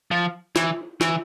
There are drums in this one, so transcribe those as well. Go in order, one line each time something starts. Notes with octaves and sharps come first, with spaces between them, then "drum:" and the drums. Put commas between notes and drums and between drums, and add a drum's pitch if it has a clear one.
F3
E3, drum: snare
E3, drum: snare